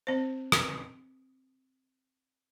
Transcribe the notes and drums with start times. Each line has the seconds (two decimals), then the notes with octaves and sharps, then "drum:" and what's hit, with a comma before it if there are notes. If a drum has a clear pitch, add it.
0.07 C4 C5
0.52 drum: rim click